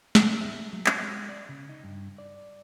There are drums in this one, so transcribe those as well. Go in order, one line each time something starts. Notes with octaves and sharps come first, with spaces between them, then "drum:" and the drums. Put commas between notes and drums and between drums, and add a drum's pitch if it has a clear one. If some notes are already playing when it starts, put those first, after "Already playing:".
D#4, drum: snare
E5
F#3
G3, drum: clap
G#3
D5
C#3
D#4
G2
D5